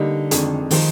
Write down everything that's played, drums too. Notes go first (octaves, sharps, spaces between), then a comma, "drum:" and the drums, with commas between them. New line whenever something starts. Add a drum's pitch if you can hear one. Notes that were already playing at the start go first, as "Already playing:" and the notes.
Already playing: D3 G3 A#3 D#4
F2 D#3 G#3 D4, drum: hi-hat
D#3 F3 G#3 D#4, drum: open hi-hat